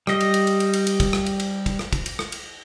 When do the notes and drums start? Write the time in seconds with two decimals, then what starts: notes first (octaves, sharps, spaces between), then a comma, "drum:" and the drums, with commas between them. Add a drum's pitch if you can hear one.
0.07 G3 D#5, drum: rim click
0.21 drum: cymbal
0.34 drum: cymbal
0.47 drum: cymbal
0.60 drum: cymbal
0.73 drum: cymbal
0.87 drum: cymbal
1.00 drum: kick, cymbal
1.13 drum: rim click
1.26 drum: cymbal
1.40 drum: cymbal
1.66 drum: kick, cymbal
1.79 drum: rim click
1.93 drum: kick, cymbal
2.06 drum: cymbal
2.19 drum: rim click
2.32 drum: cymbal